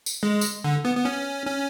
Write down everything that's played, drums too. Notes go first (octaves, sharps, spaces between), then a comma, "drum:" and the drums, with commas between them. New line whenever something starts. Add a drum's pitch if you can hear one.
drum: tambourine
G#3
drum: tambourine
D3
B3
B3
C#4
C#4